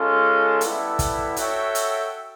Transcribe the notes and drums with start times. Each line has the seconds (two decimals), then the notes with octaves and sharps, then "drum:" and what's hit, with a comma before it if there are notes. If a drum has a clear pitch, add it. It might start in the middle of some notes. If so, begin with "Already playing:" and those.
Already playing: G#3 C#4 F4 A4
0.61 G3 B3 E4 A4, drum: hi-hat
0.99 drum: kick, hi-hat
1.36 F#4 A4 C#5 E5 G5, drum: hi-hat
1.75 drum: hi-hat